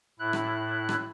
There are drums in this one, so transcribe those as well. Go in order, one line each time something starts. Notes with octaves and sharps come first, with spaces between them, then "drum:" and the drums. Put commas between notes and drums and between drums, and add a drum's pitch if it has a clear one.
A2 E4 F#6
drum: rim click
drum: rim click